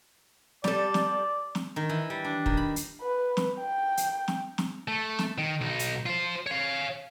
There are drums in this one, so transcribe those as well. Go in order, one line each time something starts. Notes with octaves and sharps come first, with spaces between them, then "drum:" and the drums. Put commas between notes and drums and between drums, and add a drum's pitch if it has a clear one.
G3 A4 D5, drum: snare
drum: snare
drum: snare
D#3
E3
G3
D4
D#3, drum: kick
B5
drum: hi-hat
B4
drum: snare
G5
drum: hi-hat
drum: snare
drum: snare
A3
drum: snare
D#3
B1 D#4
drum: hi-hat
F4 C5
C#5 F5